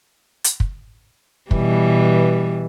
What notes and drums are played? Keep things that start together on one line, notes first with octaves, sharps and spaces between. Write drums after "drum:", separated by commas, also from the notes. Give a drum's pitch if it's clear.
drum: hi-hat
drum: kick
B2 E3 G3, drum: kick